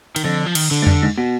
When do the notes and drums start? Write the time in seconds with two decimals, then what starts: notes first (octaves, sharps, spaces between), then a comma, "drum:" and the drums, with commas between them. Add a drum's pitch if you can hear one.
0.16 D#3, drum: cymbal
0.24 F2 D3
0.46 F3
0.55 D#3, drum: cymbal
0.71 D3
0.82 G#2
0.87 G2, drum: tom E2
1.03 G#2
1.18 B2